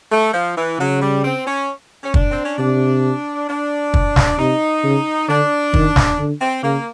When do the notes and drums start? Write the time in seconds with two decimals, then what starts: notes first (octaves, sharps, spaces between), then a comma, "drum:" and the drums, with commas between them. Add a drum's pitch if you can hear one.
0.12 A3
0.34 F3
0.56 E3
0.79 C#3 F#3
1.01 G3
1.24 C4
1.46 C#4
2.03 C#4
2.14 D4, drum: kick
2.31 C4
2.45 C#4
2.58 C3 D4
3.48 D4
3.94 drum: kick
4.16 drum: snare
4.39 C3 D#4
4.83 C#3
5.28 D3 D4
5.74 D#3, drum: kick
5.96 drum: snare
6.19 D3
6.41 C4
6.63 C#3 A#3